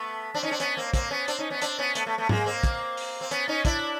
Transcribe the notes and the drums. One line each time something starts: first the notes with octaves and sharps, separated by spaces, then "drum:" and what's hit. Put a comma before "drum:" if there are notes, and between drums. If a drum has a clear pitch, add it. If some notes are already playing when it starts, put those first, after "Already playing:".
Already playing: A3 B3
C4 D4
C#4 D#4
C4 D4
B3 C#4, drum: hi-hat
A#3 C4
A#3 C4, drum: kick, hi-hat
B3 C#4
C4 D4, drum: hi-hat
C#4 D#4
B3 C#4
C4 D4, drum: hi-hat
B3 C#4
A3 B3, drum: hi-hat
A3 B3
A3 B3
G#3 A#3, drum: tom
A#3 C4
drum: kick, hi-hat
drum: open hi-hat
C4
B3 C#4, drum: hi-hat
C#4 D#4
D4 E4, drum: kick, hi-hat